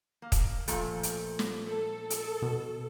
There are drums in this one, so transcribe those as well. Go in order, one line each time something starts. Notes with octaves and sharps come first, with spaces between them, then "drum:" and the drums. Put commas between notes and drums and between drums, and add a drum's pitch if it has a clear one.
A#3
drum: kick, hi-hat
A#2 F3 A3, drum: hi-hat
drum: hi-hat
drum: snare
A4
drum: hi-hat
B2